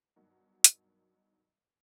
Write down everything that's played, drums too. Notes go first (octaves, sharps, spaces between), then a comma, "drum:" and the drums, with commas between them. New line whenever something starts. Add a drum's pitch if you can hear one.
G2 B2 D#3 F#3 F#4
drum: hi-hat